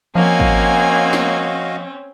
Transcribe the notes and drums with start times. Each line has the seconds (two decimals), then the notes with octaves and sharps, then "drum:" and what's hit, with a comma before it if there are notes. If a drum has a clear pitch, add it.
0.15 F3 A#3 C4 C#4 F#4 D#5 F5 G#5
0.40 drum: kick
1.13 drum: snare